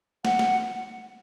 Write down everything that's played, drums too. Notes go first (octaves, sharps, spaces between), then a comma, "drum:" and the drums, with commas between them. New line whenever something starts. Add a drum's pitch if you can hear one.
F#5, drum: snare
drum: snare